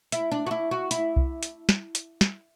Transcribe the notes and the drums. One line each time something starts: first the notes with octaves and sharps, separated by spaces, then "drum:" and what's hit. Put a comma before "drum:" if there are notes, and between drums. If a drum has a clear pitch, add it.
E4, drum: hi-hat
D4
F#4
E4
F#4
E4, drum: hi-hat
drum: kick C2
drum: hi-hat
drum: snare
drum: hi-hat
drum: snare